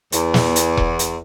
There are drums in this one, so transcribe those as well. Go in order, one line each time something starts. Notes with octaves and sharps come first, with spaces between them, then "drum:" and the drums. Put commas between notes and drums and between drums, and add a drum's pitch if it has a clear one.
E2, drum: hi-hat
drum: snare
drum: hi-hat
drum: kick E1
drum: hi-hat